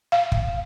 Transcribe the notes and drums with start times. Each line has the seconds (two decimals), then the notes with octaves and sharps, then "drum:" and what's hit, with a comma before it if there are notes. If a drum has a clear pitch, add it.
0.12 F5
0.32 drum: kick